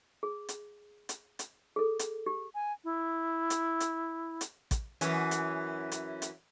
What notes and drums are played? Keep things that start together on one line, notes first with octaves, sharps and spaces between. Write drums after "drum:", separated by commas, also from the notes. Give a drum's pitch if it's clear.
G#4
drum: hi-hat
drum: hi-hat
drum: hi-hat
G#4 A4
drum: hi-hat
G4
G#5
E4
drum: hi-hat
drum: hi-hat
drum: hi-hat
drum: kick, hi-hat
F#2 E3 C#4, drum: hi-hat
drum: hi-hat
drum: hi-hat
drum: hi-hat